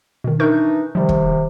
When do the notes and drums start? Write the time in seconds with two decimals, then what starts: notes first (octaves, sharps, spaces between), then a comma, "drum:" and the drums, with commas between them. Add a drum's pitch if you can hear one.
0.24 B2 D#3
0.40 E3 D4 D#4 A#4 C#6 G6
0.95 C3 D#3 F3 G3
1.09 drum: kick